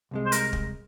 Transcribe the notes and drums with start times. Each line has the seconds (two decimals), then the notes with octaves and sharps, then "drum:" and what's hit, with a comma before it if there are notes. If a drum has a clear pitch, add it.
0.11 C2 C3 G#3
0.26 C5
0.32 A#4, drum: hi-hat
0.53 drum: kick